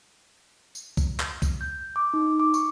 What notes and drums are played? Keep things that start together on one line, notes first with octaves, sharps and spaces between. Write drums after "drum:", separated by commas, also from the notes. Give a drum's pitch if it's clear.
drum: tambourine
drum: kick, tambourine
drum: clap
drum: kick, tambourine
G6
D6
D#4
D6
C#6, drum: tambourine